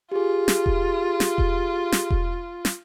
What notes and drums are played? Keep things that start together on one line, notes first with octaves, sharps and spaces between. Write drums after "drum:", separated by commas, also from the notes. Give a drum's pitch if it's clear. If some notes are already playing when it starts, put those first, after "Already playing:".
F4 G4 G#4
drum: snare
drum: kick E1
drum: snare
drum: kick E1
drum: snare
drum: kick E1
drum: snare